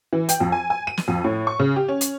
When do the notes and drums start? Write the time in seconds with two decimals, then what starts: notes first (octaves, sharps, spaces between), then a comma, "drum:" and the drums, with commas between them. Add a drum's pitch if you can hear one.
0.13 E3
0.29 G5, drum: hi-hat
0.40 F2
0.52 G#5
0.70 G#5
0.87 D#7
0.97 drum: snare
1.08 F2
1.24 A2
1.47 C#6
1.59 C#3
1.76 G4
1.88 C#4
2.01 drum: hi-hat